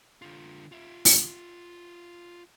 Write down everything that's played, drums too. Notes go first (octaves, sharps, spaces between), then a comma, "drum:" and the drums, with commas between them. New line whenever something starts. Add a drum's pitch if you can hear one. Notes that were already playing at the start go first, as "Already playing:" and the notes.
D3 F4
F4 E5
drum: open hi-hat